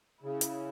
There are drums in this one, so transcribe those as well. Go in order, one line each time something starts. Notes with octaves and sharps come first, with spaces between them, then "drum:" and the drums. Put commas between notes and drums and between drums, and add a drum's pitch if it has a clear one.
C#3 E4
drum: hi-hat